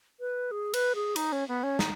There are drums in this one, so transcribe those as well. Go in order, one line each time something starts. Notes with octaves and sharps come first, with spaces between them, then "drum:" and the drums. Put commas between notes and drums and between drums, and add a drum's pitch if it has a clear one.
B4
G#4
B4, drum: cymbal
G#4
D#4, drum: cymbal
C#4
B3
C#4
D#4, drum: snare